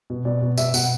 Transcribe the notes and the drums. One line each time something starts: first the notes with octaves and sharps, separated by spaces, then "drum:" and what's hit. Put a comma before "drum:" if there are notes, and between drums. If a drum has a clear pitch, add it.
B2
B2 D5
B2
B2 E5, drum: tambourine
B2 F#5, drum: tambourine